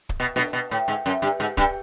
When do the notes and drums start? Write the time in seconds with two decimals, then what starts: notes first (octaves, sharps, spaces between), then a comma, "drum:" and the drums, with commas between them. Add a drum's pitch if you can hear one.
0.09 drum: kick
0.20 B2
0.36 B2, drum: snare D4
0.53 B2
0.71 A2
0.88 G#2
1.06 F#2
1.22 G2
1.40 G#2
1.57 G2, drum: kick